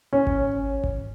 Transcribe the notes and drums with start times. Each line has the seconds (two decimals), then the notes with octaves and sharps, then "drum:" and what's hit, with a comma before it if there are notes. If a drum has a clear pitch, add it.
0.13 C#4
0.27 drum: kick G#1
0.84 drum: kick G#1